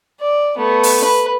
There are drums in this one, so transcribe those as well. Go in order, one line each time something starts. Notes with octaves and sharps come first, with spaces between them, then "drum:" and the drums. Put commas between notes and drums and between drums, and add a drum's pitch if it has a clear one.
D5
A3 B3
drum: open hi-hat
B4